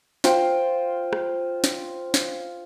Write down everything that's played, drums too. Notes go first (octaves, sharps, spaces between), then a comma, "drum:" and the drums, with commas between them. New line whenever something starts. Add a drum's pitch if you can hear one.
F4 C5 G5, drum: snare
drum: rim click
drum: snare
drum: snare